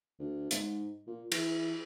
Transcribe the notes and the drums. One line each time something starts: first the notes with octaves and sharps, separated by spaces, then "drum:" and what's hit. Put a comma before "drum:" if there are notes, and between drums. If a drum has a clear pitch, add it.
D2
G#2, drum: hi-hat
A#2
E3, drum: cymbal